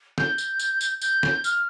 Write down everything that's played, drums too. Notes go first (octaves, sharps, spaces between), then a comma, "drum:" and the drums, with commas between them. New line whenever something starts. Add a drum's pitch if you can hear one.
G6, drum: snare
drum: tambourine
drum: tambourine
drum: tambourine
G6, drum: tambourine
drum: snare
F6, drum: tambourine